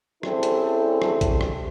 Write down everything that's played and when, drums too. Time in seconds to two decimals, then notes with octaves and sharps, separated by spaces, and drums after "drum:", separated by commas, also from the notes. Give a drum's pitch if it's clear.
0.23 G3 C4 C#4 E4 G#4 A4, drum: rim click
0.43 drum: hi-hat
1.02 drum: rim click
1.21 drum: kick A1, hi-hat
1.41 drum: rim click